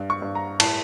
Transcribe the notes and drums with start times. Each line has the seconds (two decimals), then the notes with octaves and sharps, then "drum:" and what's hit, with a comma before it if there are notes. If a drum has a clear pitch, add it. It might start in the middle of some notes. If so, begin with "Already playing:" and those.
Already playing: G2
0.10 C#6
0.22 G2
0.35 A#5
0.60 A2 A5, drum: cymbal